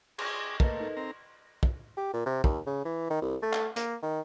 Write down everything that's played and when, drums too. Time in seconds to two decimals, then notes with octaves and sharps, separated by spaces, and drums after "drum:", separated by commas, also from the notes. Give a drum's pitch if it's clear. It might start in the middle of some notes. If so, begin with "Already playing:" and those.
0.18 G#4 C#6 D6, drum: cymbal
0.60 A3 A#3 A#4 B4 D#5, drum: kick
0.80 D#4 A4
0.97 C4 A#5
1.63 drum: kick
1.97 G4
2.13 A#2
2.26 C3
2.44 D#2, drum: kick
2.67 C#3
2.85 E3
3.10 D#3
3.22 C2
3.42 A3
3.53 drum: clap
3.76 A#3, drum: hi-hat
4.02 D#3